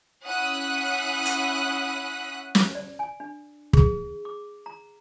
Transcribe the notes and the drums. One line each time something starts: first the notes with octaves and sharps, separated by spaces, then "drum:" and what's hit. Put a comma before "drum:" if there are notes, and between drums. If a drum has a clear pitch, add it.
C#4 E4 F#5 D#6 F#6 B6
drum: hi-hat
drum: snare
D5
G#5
D4
G#4, drum: kick
D6
A#5